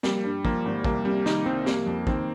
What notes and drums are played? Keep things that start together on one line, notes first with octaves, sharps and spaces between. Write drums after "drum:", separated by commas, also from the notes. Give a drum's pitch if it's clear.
G3 A#3, drum: snare
G2
F3 A#3, drum: kick
G#1
C2 A#3, drum: kick
C3 G3
D#3 D#4, drum: snare
C2 C4
G3 A#3, drum: snare
F2
D#3 C4, drum: kick